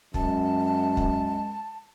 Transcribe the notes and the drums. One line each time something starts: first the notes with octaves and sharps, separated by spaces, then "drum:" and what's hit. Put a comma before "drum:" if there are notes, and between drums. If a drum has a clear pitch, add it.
F#2 G#3 A5, drum: kick
drum: kick